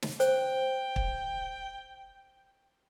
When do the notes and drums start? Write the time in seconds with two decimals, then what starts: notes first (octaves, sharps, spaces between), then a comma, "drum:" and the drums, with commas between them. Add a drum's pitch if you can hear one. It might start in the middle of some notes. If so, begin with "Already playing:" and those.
0.02 drum: snare
0.20 C5 G5, drum: hi-hat
0.96 drum: kick